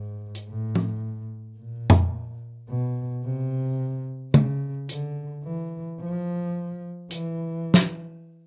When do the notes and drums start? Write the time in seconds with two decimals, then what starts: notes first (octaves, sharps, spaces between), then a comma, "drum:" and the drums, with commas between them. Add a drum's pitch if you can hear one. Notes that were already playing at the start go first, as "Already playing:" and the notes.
Already playing: G#2
0.35 drum: hi-hat
0.47 A2
0.75 drum: tom F3
1.58 A#2
1.90 drum: tom F2
2.69 B2
3.24 C3
4.34 C#3, drum: tom C#3
4.89 D3, drum: hi-hat
5.44 E3
6.00 F3
7.11 E3, drum: hi-hat
7.74 drum: snare